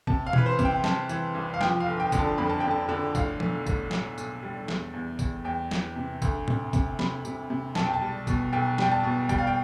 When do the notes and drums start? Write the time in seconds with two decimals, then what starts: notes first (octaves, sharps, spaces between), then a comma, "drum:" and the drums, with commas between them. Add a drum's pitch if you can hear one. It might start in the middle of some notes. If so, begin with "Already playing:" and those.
0.07 C3 A5, drum: kick
0.27 F5
0.33 E3 B4, drum: tom B2
0.46 C5
0.59 C3, drum: kick, tambourine
0.65 G5
0.84 C3 A5, drum: snare
1.09 E3, drum: tambourine
1.35 C2
1.54 F5
1.61 F3 G5, drum: snare
1.80 F5
1.86 G1
2.00 G5
2.12 D3, drum: kick, tambourine
2.19 A5
2.38 F2 B5
2.49 A5
2.60 D3 G5
2.71 A5
2.89 D3
3.15 A2 F5, drum: kick, tambourine
3.40 B1, drum: tom F3
3.66 A2, drum: kick, tambourine
3.91 A2, drum: snare
4.18 B1, drum: tambourine
4.43 G3
4.68 E2, drum: snare
4.93 E2
5.19 E2, drum: kick, tambourine
5.45 E2 G5
5.71 E3, drum: snare
5.96 C3
6.22 D2, drum: kick, tambourine
6.48 C3, drum: tom A2
6.73 C3, drum: kick, tambourine
6.99 C3 B5, drum: snare
7.25 C3, drum: tambourine
7.50 C3
7.75 B1 A5, drum: snare
7.85 G5
7.94 A5
8.02 G3
8.27 B2, drum: kick, tambourine
8.53 B1 G5
8.78 G3 G5, drum: snare
8.91 A5
9.04 B2
9.29 G3 G5, drum: kick, tambourine
9.38 F5
9.47 G5